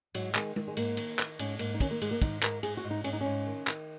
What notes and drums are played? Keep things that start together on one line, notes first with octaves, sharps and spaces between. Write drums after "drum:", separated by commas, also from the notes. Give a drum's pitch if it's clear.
G#2 F#3, drum: cymbal
D#3 G#3, drum: clap
D#3, drum: tom G#3
G#3
G#2 A#3, drum: cymbal
D#3, drum: cymbal
D#3, drum: clap
G#2 C#4, drum: cymbal
G#2 A#3, drum: cymbal
D#4
D#3 C#4, drum: kick, cymbal
A#3
G#2 G#3, drum: cymbal
A#3
G#2 D#4, drum: kick, cymbal
G#2 A#4, drum: clap
G#2 G#4, drum: cymbal
F#4
G#2
D#4
G#2 C#4, drum: cymbal
D#4
G#2 C#4
D#3
D#3, drum: clap